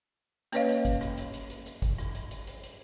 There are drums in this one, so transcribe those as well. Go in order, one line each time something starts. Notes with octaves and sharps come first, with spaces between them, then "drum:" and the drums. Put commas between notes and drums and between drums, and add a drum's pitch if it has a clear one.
A#3 C#4 B4 C#5 D#5 F5, drum: hi-hat
drum: hi-hat
drum: kick G#1, hi-hat
drum: rim click
drum: hi-hat
drum: hi-hat
drum: hi-hat
drum: hi-hat
drum: kick G#1, hi-hat
drum: rim click
drum: hi-hat
drum: hi-hat
drum: hi-hat
drum: hi-hat